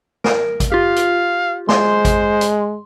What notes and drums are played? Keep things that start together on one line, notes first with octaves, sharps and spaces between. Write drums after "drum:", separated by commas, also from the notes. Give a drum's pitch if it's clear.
A#4, drum: snare
drum: kick G#1, hi-hat
F4 G4 F5
drum: hi-hat
G#3 C5 C6, drum: snare
drum: kick G#1, hi-hat
drum: hi-hat